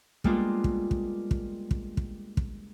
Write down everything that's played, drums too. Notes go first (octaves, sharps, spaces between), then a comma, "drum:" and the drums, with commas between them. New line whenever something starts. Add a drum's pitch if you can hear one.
G3 G#3 A#3 B3 D4 F4, drum: kick
drum: kick
drum: kick
drum: kick
drum: kick
drum: kick
drum: kick